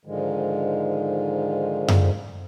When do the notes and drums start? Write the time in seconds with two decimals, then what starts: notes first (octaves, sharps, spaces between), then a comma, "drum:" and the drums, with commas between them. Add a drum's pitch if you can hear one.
0.05 G#2 D3 D#3 F3 G#3
1.88 drum: tom F#2